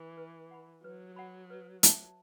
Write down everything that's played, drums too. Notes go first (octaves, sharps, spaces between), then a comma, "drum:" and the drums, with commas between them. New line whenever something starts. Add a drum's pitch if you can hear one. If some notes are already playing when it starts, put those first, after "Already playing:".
Already playing: E3
B4
F#5 B5
F#3 B4
F#5 B5
B4
E5 A5, drum: hi-hat